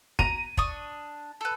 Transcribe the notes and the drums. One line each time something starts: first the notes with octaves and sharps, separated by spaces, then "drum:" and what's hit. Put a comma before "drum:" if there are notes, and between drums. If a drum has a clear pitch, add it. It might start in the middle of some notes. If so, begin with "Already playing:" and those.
A#5 D#7, drum: kick
D4 C#6 D#6, drum: kick
A4 B4